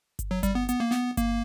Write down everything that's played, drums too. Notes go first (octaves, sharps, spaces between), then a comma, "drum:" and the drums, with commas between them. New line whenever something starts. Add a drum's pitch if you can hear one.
drum: kick G1, hi-hat
F#3
G3, drum: kick G1, hi-hat
B3
B3, drum: hi-hat
A#3
B3, drum: snare
A#3, drum: kick G1, hi-hat